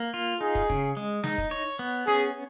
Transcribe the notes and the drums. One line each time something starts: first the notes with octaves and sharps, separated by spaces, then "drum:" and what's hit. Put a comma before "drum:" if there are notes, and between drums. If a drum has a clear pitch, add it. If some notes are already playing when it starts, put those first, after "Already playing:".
Already playing: A#3
F4
D#4 G#4
drum: kick
C#3, drum: kick
G#3
D#4, drum: snare
drum: kick
C#5
B3
C#4 G#4